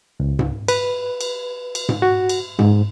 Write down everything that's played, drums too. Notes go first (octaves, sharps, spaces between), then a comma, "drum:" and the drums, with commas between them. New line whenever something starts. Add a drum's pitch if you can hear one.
C#2
drum: tom G#2
B4, drum: cymbal
drum: cymbal
drum: cymbal
drum: tom G#2
F#4
drum: cymbal
G#2, drum: tom G#2